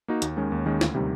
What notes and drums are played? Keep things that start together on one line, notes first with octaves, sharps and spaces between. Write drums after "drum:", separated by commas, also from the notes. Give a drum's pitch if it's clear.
A#3 D#4 F#4
D#2, drum: hi-hat
D#3 G#3 C#4
D#2
D#3 G#3 C#4
D2, drum: snare
C3 D#3 G3